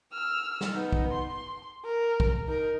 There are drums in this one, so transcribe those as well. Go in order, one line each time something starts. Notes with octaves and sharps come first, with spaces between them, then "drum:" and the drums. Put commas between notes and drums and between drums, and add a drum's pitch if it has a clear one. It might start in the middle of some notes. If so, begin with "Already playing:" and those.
E6 F6
drum: snare
B3 D#4
drum: kick
C6
A#4
drum: kick
D#4 A#4